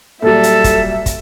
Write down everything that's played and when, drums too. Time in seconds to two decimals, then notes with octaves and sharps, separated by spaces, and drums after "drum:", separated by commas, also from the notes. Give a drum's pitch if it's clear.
0.23 A#2 F#3 G3 A4 E5
0.43 drum: hi-hat
0.64 drum: kick, hi-hat
1.06 drum: kick, hi-hat